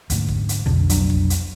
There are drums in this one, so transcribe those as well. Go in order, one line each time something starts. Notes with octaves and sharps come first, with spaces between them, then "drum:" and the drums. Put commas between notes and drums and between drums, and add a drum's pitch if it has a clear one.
D2 G#2, drum: hi-hat
drum: kick
drum: hi-hat
B1 F2 B2 D3
F1 B1 F#3 D4, drum: hi-hat
drum: kick
drum: hi-hat